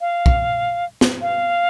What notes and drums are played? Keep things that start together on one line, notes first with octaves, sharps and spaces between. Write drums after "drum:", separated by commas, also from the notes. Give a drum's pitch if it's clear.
F5
drum: kick
drum: snare
F5